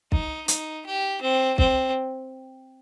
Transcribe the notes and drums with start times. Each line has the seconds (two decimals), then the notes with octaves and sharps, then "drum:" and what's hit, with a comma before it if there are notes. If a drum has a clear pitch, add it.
0.12 D#4, drum: kick
0.48 D#4, drum: hi-hat
0.86 G4
1.22 C4
1.58 C4, drum: kick